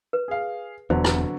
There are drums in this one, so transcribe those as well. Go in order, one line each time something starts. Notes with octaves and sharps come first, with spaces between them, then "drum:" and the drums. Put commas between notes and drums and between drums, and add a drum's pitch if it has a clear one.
B4
G#4 F5
E1 E2 D3 F#3 B3 C5
drum: rim click